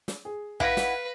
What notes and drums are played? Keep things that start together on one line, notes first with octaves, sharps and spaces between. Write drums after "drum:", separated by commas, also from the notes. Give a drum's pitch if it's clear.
drum: snare
G#4
E4 B4 F5 F#5 F#6 A#6, drum: kick
drum: snare